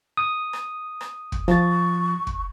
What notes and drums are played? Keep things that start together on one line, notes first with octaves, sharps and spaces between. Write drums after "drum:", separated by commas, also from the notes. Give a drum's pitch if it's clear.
D#6
drum: rim click
drum: rim click
drum: kick
F3 C#6 A6, drum: rim click
drum: kick